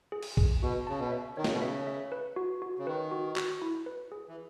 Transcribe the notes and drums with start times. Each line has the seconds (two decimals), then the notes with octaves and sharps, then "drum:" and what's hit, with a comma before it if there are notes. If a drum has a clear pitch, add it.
0.12 G#4
0.23 drum: cymbal
0.37 G#4, drum: kick
0.62 B2 F#4
0.87 C#3 A5
1.00 B2
1.12 E5
1.37 D#3 C#5
1.44 C#3, drum: snare
1.53 B2
1.60 C#3 E5
1.87 E5
2.12 B4
2.36 F#4
2.62 F#4
2.79 C#3
2.87 D#3 B4
3.11 F#4
3.36 F#4, drum: clap
3.62 E4
3.86 B4
4.12 G#4
4.28 E3